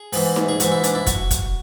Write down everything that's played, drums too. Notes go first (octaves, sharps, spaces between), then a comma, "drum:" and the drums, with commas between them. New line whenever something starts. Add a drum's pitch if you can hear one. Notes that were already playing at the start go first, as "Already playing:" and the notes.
Already playing: G#4
G#2 E3, drum: open hi-hat
drum: snare D#4
G#4
G#2 E3 F#4, drum: hi-hat
E4
D4, drum: hi-hat
E4
F#4, drum: kick, hi-hat
drum: kick, hi-hat